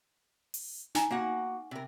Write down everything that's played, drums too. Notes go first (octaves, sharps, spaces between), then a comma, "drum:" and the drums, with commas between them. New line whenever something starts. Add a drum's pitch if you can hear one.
drum: open hi-hat
D#4 G#5 A#5, drum: snare
A#3 F#4 F#5
C3 A#4